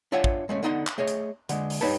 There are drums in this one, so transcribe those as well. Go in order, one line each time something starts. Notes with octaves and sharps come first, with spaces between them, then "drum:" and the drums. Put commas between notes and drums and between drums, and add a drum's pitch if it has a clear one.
D4 F4 C#5 E5 F#5 G#5
drum: kick
G#3 A3 C#4
D3 B3 D#4 F#5 B5 C6
drum: clap
A3 G#4 C#5 D#5
drum: hi-hat
D3 G#3, drum: hi-hat
drum: open hi-hat
G2 D#4 B4 C#5 A5